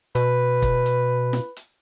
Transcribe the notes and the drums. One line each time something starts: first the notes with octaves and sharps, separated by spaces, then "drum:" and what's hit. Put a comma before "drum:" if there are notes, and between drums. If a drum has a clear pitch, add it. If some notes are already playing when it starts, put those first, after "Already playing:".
B2 B4, drum: hi-hat
drum: kick, hi-hat
drum: hi-hat
drum: snare
drum: hi-hat